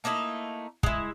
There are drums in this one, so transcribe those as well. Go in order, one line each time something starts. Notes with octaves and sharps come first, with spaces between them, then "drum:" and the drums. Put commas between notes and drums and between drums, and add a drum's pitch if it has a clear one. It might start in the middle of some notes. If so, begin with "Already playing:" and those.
A3 A#3 D#4 E4
G#3 E4, drum: kick